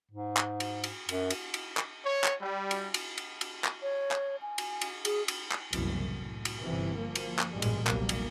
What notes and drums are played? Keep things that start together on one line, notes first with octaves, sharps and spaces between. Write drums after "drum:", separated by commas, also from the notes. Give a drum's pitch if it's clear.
G#2
drum: clap
drum: cymbal
drum: cymbal
F#2, drum: cymbal
drum: cymbal
drum: cymbal
drum: clap
C#5
drum: clap
G3
drum: cymbal
drum: cymbal
drum: cymbal
drum: cymbal
drum: clap
C#5
drum: clap
G#5
drum: cymbal
drum: cymbal
G#4, drum: cymbal
drum: cymbal
drum: clap
F#1 C2 B2 E3, drum: cymbal
A2
drum: cymbal
G1 C3 E3
F3 A#3
drum: cymbal
drum: clap
A1 G2 A#2 G3 G#3
drum: cymbal
F1 B1 G3 A#3, drum: clap
drum: cymbal